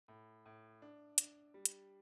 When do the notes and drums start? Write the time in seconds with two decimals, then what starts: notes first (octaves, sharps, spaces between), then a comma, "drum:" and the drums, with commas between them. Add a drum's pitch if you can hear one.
0.08 A2
0.46 A2
0.82 D4
1.18 D4, drum: hi-hat
1.54 G3
1.65 drum: hi-hat